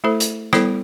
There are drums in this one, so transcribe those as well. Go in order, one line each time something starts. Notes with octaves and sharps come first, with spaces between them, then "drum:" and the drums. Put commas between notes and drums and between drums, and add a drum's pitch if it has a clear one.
A3 E4 A4 C5
drum: hi-hat
G3 B3 E4 A4 C5, drum: rim click